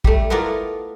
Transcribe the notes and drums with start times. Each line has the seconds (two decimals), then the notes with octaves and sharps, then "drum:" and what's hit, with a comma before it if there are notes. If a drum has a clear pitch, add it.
0.04 G3 A3, drum: kick
0.30 A3 B3 E4 F4 A#4 D5